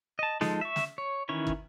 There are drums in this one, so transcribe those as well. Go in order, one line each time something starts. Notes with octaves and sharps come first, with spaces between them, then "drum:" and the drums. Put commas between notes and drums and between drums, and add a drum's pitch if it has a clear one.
D#5 A5
F3 G#3 D#4 A4, drum: snare
E5 C#6
drum: snare
C#5
D#3 E3 C#4 E4 C#5
drum: kick